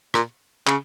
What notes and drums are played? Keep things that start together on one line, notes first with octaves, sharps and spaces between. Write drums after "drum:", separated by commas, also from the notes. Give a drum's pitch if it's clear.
A#2, drum: rim click
C#3, drum: clap